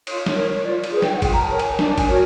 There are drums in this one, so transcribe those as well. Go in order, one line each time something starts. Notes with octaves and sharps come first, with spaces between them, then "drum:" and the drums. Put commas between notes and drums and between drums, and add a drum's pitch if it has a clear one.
F4 C#5, drum: cymbal
drum: snare
A#4 C#5
C#5
F4 D5
drum: cymbal
G#4 B4
G5, drum: snare
F#5
F4 G5, drum: kick, cymbal
A#5
A5
A#4 C#5
G#5, drum: cymbal
D4, drum: snare
G#5, drum: kick, cymbal
F#4 A#4 C#5